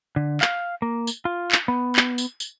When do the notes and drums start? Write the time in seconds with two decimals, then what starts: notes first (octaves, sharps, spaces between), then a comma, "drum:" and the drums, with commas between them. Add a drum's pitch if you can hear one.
0.16 D3
0.41 F5, drum: clap
0.82 A#3
1.07 drum: tambourine
1.25 F4
1.52 drum: clap
1.68 B3
1.96 drum: clap
2.18 drum: tambourine
2.40 drum: tambourine